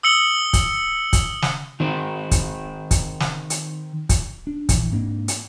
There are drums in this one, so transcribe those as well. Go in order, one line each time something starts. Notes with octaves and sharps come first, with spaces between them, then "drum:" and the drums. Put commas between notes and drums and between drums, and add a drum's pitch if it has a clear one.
D#6 E6 C#7 F#7 G7
drum: kick, hi-hat
drum: kick, hi-hat
drum: snare
D#3 C4
drum: kick, hi-hat
drum: kick, hi-hat
drum: snare
drum: hi-hat
drum: kick, hi-hat
D4
A#1 E3, drum: kick, hi-hat
G#2 A#3 C4 D4
drum: hi-hat